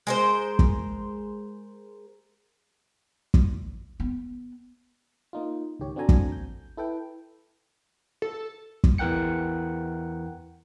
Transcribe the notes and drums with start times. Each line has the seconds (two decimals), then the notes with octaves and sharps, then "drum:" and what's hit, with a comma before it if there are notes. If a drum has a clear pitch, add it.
0.07 G#3 A#4 C5
0.59 drum: kick
3.34 drum: kick
4.00 B3
5.33 A#3 D#4 F4
5.80 C#2 G#2 D#3 G4 C#5
5.96 C4 D4 F#4 A4 G#5 A#5
6.09 drum: kick
6.32 G6
6.77 E4 A4 B4 G5
8.22 A4
8.84 drum: kick
8.98 E2 E3 A#4 F#5 G5 C#7